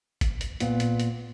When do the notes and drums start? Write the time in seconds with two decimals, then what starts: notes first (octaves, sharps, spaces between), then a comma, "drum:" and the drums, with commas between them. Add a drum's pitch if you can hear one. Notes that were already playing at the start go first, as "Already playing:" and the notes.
0.21 drum: kick G1, hi-hat
0.41 drum: hi-hat
0.60 A#2 B3, drum: hi-hat
0.80 drum: hi-hat
1.00 drum: hi-hat